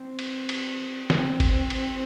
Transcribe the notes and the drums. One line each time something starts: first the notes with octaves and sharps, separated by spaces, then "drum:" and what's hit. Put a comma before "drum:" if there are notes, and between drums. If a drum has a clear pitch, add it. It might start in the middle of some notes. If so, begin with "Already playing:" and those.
Already playing: C4
drum: cymbal
drum: cymbal
C4, drum: snare
drum: kick G1, cymbal
drum: cymbal